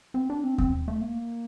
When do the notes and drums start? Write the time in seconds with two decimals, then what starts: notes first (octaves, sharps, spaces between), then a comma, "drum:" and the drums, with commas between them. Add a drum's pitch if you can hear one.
0.14 C4
0.30 D4
0.44 C4
0.58 C4, drum: kick D#2
0.88 A3
1.01 A#3